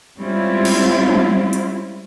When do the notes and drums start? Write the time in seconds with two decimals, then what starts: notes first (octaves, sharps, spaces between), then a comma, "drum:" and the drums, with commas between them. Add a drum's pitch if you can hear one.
0.18 G3 G#3 C4 C#4 E4 F4
0.65 drum: cymbal
1.08 drum: tom
1.53 drum: hi-hat